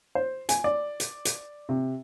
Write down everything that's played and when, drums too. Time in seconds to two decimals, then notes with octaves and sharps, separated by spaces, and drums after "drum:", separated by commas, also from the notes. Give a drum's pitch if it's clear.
0.15 C5
0.49 G#5, drum: hi-hat
0.64 D5
1.00 drum: hi-hat
1.25 drum: hi-hat
1.69 C3